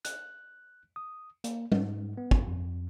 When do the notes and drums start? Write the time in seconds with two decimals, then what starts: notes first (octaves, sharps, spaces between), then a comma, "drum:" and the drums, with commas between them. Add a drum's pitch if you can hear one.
0.05 F#6, drum: hi-hat
0.96 D#6
1.44 A#3, drum: hi-hat
1.72 G#2, drum: tom G3
2.17 B3
2.31 drum: kick
2.47 F2